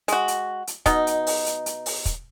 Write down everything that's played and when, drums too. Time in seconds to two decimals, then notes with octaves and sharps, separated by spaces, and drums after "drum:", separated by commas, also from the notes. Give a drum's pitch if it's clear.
0.08 G#3 F#4, drum: hi-hat
0.28 drum: hi-hat
0.67 drum: hi-hat
0.86 B2 D#4, drum: kick, hi-hat
1.07 drum: hi-hat
1.27 drum: open hi-hat
1.46 drum: hi-hat
1.66 drum: hi-hat
1.86 drum: open hi-hat
2.05 drum: kick, hi-hat